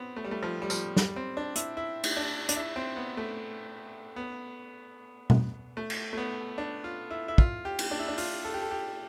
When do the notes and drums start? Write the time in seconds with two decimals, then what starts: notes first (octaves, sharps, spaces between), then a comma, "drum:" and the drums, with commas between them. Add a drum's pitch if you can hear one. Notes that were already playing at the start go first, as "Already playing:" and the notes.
Already playing: B3 C4
0.16 A3
0.24 G3
0.31 A3
0.43 F3
0.62 G3
0.70 F3, drum: tambourine
0.96 G3, drum: snare
1.16 C4
1.37 D4
1.56 E4, drum: hi-hat
1.77 E4
2.04 drum: cymbal
2.17 D4
2.49 D4, drum: hi-hat
2.56 E4
2.76 C4
2.96 B3
3.17 A3
4.16 B3
5.30 drum: tom B2
5.77 A3
5.90 drum: cymbal
6.13 A3
6.17 B3
6.58 D4
6.84 F4
7.11 E4
7.28 E4
7.38 F4, drum: kick
7.65 G4
7.79 drum: cymbal
7.91 D4
7.99 E4
8.08 D4
8.18 F4, drum: open hi-hat
8.44 A4
8.54 G4
8.62 A4
8.71 G4